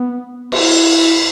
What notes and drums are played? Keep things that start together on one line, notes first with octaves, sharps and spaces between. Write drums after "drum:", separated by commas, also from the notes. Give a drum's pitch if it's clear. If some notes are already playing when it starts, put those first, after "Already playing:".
Already playing: B3
E4, drum: cymbal